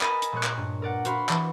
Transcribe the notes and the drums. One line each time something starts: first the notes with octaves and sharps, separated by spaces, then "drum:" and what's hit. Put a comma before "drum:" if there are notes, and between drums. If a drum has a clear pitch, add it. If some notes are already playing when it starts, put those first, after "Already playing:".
A#4 D#5 G#5 A5 B5, drum: clap
drum: hi-hat
A#2 G#3 C#5 F#6
drum: clap
G2
A#4 D5 F#5
F#4 C5 F5 B5 C6, drum: hi-hat
E3, drum: clap